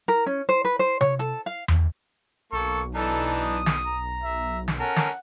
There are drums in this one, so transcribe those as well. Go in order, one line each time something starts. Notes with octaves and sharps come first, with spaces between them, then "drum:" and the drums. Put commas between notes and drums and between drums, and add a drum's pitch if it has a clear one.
A#4
C#4
C5
B4
C5
C#5, drum: tom C3
A4, drum: hi-hat
F5
drum: tom E2
B1 A#3 A4 C#6
E3 D4 D#4 A4
D#6
drum: snare
A#5
E5
drum: snare
C#4 A4 A#4 F#5
drum: snare